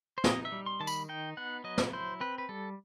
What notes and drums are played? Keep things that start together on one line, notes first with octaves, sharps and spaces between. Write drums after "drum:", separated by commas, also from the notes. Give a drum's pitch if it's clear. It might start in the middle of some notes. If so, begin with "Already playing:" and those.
C5
D#4 D#5, drum: snare
E5
G3
C6
D#3 A5
B5, drum: tambourine
D#4 G5
B3 F#5
F#3 D#5
drum: snare
E4 C5
C4 B4
B4
G3 A4